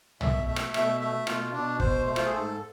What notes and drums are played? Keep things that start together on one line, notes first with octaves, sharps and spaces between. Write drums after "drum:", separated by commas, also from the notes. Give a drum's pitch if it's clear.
B2 E5, drum: tom
A3 E5
drum: rim click
B2 E5, drum: rim click
A3 E5
B2 F4, drum: rim click
B2 D4
B2 C5, drum: kick
A3 C5
F4, drum: rim click
G#4
G#2 A4